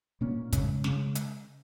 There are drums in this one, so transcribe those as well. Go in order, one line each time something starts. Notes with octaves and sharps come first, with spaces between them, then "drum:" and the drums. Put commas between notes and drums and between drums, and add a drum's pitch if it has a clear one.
A#2 A#3 C#4
C#3 G#3 C#4, drum: kick, hi-hat
C#3 G#3 C#4, drum: snare
drum: hi-hat